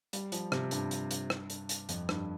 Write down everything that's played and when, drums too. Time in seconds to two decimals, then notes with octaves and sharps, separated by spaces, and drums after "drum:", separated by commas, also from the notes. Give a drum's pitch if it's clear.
0.13 G3, drum: hi-hat
0.32 F3, drum: hi-hat
0.52 C3, drum: rim click
0.71 G2, drum: hi-hat
0.91 drum: hi-hat
1.11 drum: hi-hat
1.30 drum: rim click
1.50 drum: hi-hat
1.69 drum: hi-hat
1.89 F2, drum: hi-hat
2.09 G2, drum: rim click